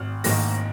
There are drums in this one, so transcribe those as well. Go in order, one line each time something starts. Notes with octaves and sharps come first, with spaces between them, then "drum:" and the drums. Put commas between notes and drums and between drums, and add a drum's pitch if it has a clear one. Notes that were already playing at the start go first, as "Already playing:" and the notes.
Already playing: G#1 F6
G#2 D#3 A#3 D#4 A#6, drum: open hi-hat